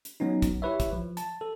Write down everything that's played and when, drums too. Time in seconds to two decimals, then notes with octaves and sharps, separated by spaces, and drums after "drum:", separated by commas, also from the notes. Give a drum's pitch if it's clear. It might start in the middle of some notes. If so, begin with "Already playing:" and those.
0.05 drum: hi-hat
0.20 F#3 B3 C#4 D#4
0.42 drum: kick, hi-hat
0.62 E4 G4 B4 C#5 E5
0.80 drum: kick, hi-hat
0.93 F3
1.17 A5, drum: hi-hat
1.41 A4